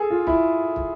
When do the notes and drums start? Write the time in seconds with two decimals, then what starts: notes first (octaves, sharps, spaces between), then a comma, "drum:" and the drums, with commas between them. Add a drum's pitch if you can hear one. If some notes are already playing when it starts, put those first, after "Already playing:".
Already playing: G#4 A4
0.10 F4
0.27 E4, drum: kick
0.76 drum: kick